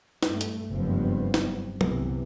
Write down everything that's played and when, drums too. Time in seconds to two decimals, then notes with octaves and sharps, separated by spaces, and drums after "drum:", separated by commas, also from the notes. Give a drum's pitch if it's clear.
0.23 G2 A3, drum: snare
0.41 drum: hi-hat
0.71 F#1 G2 F3 B3 C4
1.34 drum: snare
1.81 C2 C3 E3 B3, drum: tom